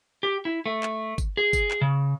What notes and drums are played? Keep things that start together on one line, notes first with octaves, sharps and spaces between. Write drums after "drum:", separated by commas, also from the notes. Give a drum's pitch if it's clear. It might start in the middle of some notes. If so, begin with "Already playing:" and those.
G4
E4
A3
drum: clap
drum: kick G1, tambourine
G#4
drum: kick G1, tambourine
drum: clap
C#3